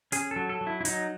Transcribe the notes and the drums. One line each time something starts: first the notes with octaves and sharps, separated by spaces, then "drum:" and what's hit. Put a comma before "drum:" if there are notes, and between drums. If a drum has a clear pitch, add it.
C#4 G#4, drum: hi-hat
F#3 A4
A4
F#3
E4
E4
F#3 D#4, drum: hi-hat